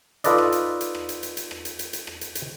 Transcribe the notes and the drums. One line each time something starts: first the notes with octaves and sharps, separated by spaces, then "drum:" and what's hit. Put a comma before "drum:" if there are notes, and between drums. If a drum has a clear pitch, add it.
D#4 F4 A4 B4 D5 D#5, drum: hi-hat
drum: rim click
drum: hi-hat
drum: hi-hat
drum: rim click
drum: hi-hat
drum: hi-hat
drum: hi-hat
drum: rim click
drum: hi-hat
drum: hi-hat
drum: hi-hat
drum: rim click
drum: hi-hat
drum: hi-hat